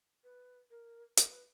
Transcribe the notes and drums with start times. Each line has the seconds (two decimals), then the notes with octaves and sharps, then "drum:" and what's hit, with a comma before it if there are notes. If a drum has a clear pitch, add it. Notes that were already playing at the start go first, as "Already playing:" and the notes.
0.24 B4
0.70 A#4
1.17 A#4, drum: hi-hat
1.29 B4